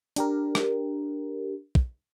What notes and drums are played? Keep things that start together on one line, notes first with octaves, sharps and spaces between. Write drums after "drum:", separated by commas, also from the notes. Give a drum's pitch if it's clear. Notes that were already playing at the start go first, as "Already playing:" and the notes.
D4 G4 A#4, drum: hi-hat
drum: rim click
drum: kick